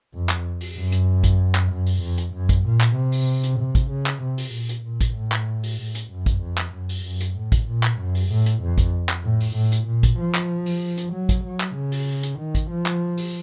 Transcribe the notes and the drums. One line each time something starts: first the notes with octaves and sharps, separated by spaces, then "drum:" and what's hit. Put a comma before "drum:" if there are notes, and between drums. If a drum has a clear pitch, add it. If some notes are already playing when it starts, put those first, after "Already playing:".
F2
drum: clap
drum: open hi-hat
F#2
drum: hi-hat
drum: kick A1, hi-hat
drum: clap
F#2
drum: open hi-hat
F2
drum: hi-hat
F#2
drum: kick A1, hi-hat
A#2
drum: clap
C3
drum: open hi-hat
drum: hi-hat
C3
drum: kick A1, hi-hat
C#3
drum: clap
C3
drum: open hi-hat
A#2
drum: hi-hat
A#2
drum: kick A1, hi-hat
A2
drum: clap
drum: open hi-hat
A2
drum: hi-hat
F#2
drum: kick A1, hi-hat
F2
drum: clap
F#2
drum: open hi-hat
F#2
drum: hi-hat
A2
drum: kick A1, hi-hat
A#2
drum: clap
F#2
drum: open hi-hat
A2
drum: hi-hat
F2
drum: kick A1, hi-hat
drum: clap
A2
drum: open hi-hat
A2
drum: hi-hat
A#2
drum: kick A1, hi-hat
F3
drum: clap
drum: open hi-hat
drum: hi-hat
F#3
drum: kick A1, hi-hat
F#3
drum: clap
C#3
drum: open hi-hat
drum: hi-hat
D#3
drum: kick A1, hi-hat
F3
drum: clap
drum: open hi-hat